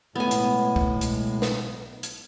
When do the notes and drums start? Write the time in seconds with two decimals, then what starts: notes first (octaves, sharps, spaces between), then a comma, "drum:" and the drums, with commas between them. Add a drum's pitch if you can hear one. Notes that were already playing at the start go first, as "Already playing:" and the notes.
0.15 B1 A2 G#3 B3 G#5
0.31 drum: hi-hat
0.76 drum: kick
1.01 drum: hi-hat
1.42 drum: snare
2.03 drum: hi-hat